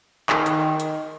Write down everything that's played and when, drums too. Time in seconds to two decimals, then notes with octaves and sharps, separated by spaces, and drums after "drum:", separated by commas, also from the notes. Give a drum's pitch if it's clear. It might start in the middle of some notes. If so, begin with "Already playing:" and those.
0.29 D#3, drum: clap
0.46 drum: hi-hat
0.80 drum: hi-hat